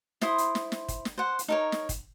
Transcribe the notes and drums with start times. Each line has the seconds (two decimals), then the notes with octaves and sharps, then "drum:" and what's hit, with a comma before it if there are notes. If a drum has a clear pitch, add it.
0.21 E4 C5 C6 D#6, drum: snare
0.38 drum: hi-hat
0.55 drum: snare
0.72 drum: snare
0.88 drum: kick, hi-hat
1.05 drum: snare
1.18 C5 F#5
1.39 drum: hi-hat
1.48 D#4 A#4 C#5
1.72 drum: snare
1.89 drum: kick, hi-hat